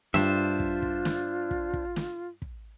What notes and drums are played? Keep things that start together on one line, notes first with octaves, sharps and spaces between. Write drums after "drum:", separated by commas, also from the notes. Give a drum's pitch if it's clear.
G2 D4 F4 C5 E5, drum: snare
drum: kick
drum: kick
drum: snare
drum: kick
drum: kick
drum: snare
drum: kick